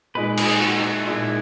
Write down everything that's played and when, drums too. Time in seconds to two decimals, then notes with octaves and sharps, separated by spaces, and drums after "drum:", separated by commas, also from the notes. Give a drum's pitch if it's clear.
0.15 A#2 G#3 D#4 B4
0.38 G#4, drum: cymbal
0.61 F#4
0.80 D#4
0.84 E4
1.06 A#2 G#3 D#4